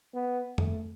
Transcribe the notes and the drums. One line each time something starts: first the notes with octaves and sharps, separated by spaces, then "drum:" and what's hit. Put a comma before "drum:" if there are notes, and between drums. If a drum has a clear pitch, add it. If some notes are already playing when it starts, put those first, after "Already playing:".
B3
A3, drum: tom F2